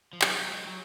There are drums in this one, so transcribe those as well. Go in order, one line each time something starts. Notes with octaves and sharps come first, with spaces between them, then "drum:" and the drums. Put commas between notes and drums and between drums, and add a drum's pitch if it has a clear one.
F3
F#3, drum: clap
F#3
G#3
F#3